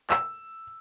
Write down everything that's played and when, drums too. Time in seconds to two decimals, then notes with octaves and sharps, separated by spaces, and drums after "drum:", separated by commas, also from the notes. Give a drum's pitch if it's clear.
0.10 E6, drum: clap